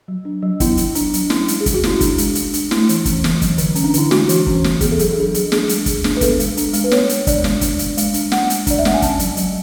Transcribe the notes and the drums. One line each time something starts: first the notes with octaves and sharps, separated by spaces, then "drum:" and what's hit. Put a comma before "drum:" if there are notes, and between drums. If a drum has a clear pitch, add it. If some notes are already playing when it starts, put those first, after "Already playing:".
F#3
D4
F#3
B3 E4, drum: kick, hi-hat
F#3, drum: hi-hat
D4, drum: hi-hat
F#3, drum: hi-hat
C#4 E4, drum: snare
G#3, drum: hi-hat
G#4
G#3, drum: kick, hi-hat
F#4
C#4 E4, drum: snare
D4, drum: kick, hi-hat
G#3, drum: hi-hat
G#3, drum: hi-hat
D4, drum: hi-hat
A3 E4, drum: snare
E3, drum: hi-hat
C#4, drum: kick, hi-hat
E3, drum: snare
F#3, drum: kick, hi-hat
D3, drum: hi-hat
C#4, drum: hi-hat
D4
D3 E4, drum: hi-hat
G#3 F#4, drum: snare
E3, drum: hi-hat
C#4, drum: kick
E3, drum: snare
B3 G#4, drum: kick, hi-hat
A4
F#3 G#4, drum: hi-hat
A4
D4 G#4
F#3, drum: hi-hat
D4 G#4, drum: snare
G#3, drum: hi-hat
G#3, drum: kick, hi-hat
D4, drum: snare
B4
B3 A4, drum: kick, hi-hat
G#3, drum: hi-hat
D4, drum: hi-hat
G#3, drum: hi-hat
B4
B3 C#5, drum: snare
G#3, drum: hi-hat
D4 D5, drum: kick, hi-hat
G#3, drum: snare
D4, drum: kick, hi-hat
G#3, drum: hi-hat
G#3, drum: hi-hat
D4, drum: hi-hat
B3 F#5, drum: snare
G#3, drum: hi-hat
D4 D5, drum: kick, hi-hat
E5
G#3 F#5, drum: snare
G#5
C#4 A5, drum: kick, hi-hat
F#3, drum: hi-hat
F#3, drum: hi-hat